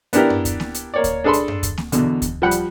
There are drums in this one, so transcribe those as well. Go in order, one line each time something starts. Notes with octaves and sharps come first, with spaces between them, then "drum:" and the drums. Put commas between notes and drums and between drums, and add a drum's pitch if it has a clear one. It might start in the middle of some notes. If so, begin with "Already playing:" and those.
B3 D4 E4 G4 A#4, drum: hi-hat
drum: tom F#2
drum: kick D2, hi-hat
drum: snare A#3
drum: hi-hat
A#3 C#5 D5
drum: kick D2, hi-hat
D4 G#4 A4 B5 C6
drum: hi-hat
drum: tom F#2
drum: kick D2, hi-hat
drum: snare A#3
E2 B2 D3, drum: hi-hat
drum: kick D2, hi-hat
F3 G3 F#5 B5 F#6
drum: hi-hat